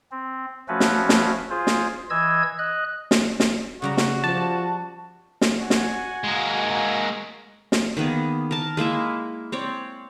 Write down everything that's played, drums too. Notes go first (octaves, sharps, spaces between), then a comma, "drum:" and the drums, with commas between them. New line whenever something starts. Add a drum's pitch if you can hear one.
C4
F3 A3 C#4 F#4 B4
drum: snare
drum: snare
F4 G#4 C5
drum: snare
E3 D#5 E6 G#6
D#5 F#6
drum: snare
drum: snare
C#3 G3 F#4 A#5
drum: snare
F3 D5 A5
drum: snare
F#4 F#5 G#5
drum: snare
G#3 A#3
drum: snare
D#3 A#3 B3 G#4
A#4 A5
G#3 A#3 E4 E5
C4 C#5 D5